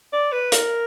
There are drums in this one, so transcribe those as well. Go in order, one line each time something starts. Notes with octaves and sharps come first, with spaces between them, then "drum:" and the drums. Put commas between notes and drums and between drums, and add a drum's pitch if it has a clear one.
D5
B4
A#4, drum: hi-hat